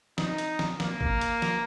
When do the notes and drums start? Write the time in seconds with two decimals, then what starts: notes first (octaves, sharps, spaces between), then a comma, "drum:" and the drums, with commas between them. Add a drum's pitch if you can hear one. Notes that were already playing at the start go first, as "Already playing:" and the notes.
0.18 D#4, drum: snare
0.38 drum: hi-hat
0.59 drum: snare
0.80 A#3, drum: snare
1.01 drum: kick G#1
1.21 drum: hi-hat
1.42 drum: snare